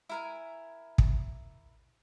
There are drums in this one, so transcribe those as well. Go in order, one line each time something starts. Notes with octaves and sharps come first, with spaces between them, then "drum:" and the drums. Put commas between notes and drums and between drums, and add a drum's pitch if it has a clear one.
E4 A#4 G#5
drum: kick